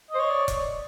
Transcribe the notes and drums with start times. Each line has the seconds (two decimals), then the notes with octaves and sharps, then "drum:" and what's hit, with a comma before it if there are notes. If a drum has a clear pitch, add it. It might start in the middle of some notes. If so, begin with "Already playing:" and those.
0.11 C5 D#5
0.20 C#5
0.30 D5
0.48 drum: kick E1, hi-hat